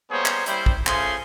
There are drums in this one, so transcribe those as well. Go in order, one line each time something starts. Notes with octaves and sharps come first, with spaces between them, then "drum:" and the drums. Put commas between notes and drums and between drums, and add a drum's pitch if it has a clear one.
G3 A#3 B3 G#4 C5 C#5
drum: clap
G3 E4 C5, drum: hi-hat
drum: kick
A3 C#4 F4 G#4 C5 C6, drum: clap